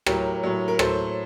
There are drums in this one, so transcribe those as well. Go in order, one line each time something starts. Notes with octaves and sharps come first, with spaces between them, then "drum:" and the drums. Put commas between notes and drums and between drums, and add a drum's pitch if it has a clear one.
A2 F#3 G4 A#4, drum: rim click
A2 F#3
A#4
A2 F#3 A4 C5, drum: rim click